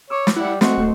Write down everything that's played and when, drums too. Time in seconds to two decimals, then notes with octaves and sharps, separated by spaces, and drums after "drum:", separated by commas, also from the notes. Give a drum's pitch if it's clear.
0.10 C#5 D6 E6
0.27 drum: snare
0.36 G3 E4 F#5
0.61 A3 C4 F#4 C5 D#5, drum: snare
0.78 D1 A3 A4 C5